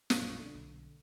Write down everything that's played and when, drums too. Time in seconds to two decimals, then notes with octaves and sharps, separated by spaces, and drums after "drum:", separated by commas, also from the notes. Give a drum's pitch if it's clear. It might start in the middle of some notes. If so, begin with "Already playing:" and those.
0.10 A#1 F#2 C#6, drum: snare
0.22 B2 G3 B3
0.39 D3
0.55 B1